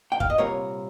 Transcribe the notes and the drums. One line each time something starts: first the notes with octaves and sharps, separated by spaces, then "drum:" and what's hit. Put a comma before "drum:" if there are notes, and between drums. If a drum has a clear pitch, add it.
G5
F5, drum: kick
D#5
C2 A#2 G3 C4 F4 A#4 C#5